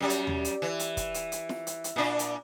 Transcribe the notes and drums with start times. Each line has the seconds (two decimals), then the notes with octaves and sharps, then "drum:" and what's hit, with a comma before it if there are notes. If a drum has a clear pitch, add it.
0.01 F#2 G3
0.10 drum: hi-hat
0.27 drum: tom D#2
0.45 drum: hi-hat
0.62 E3
0.79 drum: hi-hat
0.97 drum: kick, hi-hat
1.14 drum: hi-hat
1.32 drum: hi-hat
1.49 drum: snare
1.67 drum: hi-hat
1.84 drum: hi-hat
1.96 A#2 D4
2.19 drum: hi-hat